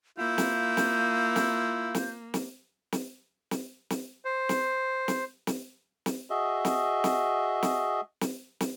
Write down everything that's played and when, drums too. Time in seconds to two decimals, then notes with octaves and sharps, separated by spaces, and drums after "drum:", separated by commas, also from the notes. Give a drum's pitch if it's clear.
0.18 A#3 E4 F4 G6
0.38 drum: snare
0.77 drum: snare
1.36 drum: snare
1.95 drum: snare
2.34 drum: snare
2.92 drum: snare
3.51 drum: snare
3.90 drum: snare
4.25 C5
4.49 drum: snare
5.08 drum: snare
5.47 drum: snare
6.06 drum: snare
6.30 F#4 G#4 D#5 E5
6.65 drum: snare
7.04 drum: snare
7.63 drum: snare
8.21 drum: snare
8.60 drum: snare